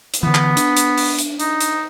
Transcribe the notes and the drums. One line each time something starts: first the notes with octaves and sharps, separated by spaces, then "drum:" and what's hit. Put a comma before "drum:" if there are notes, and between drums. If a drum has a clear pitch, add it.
drum: hi-hat
D3 E3 B3
drum: clap
D4, drum: hi-hat
drum: hi-hat
drum: open hi-hat
drum: hi-hat
D#4, drum: hi-hat
drum: hi-hat